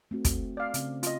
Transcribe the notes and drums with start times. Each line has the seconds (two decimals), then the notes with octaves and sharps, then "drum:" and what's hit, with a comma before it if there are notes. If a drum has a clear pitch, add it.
0.11 A3 C4 F#4
0.25 drum: kick, hi-hat
0.57 D5 F5
0.74 C#3 C4, drum: hi-hat
1.03 F4 D#5, drum: hi-hat